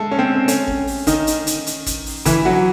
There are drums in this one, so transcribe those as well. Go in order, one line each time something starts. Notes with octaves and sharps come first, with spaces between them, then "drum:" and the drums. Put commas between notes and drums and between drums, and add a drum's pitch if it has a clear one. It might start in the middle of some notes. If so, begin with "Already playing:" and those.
Already playing: G#3 A3 A4
C#4
C4
C#4, drum: hi-hat
drum: kick
drum: open hi-hat
D#3 D#4, drum: kick, hi-hat
drum: hi-hat
drum: hi-hat
drum: hi-hat
drum: kick, hi-hat
drum: open hi-hat
E3 E4, drum: kick, hi-hat
F#3 F#4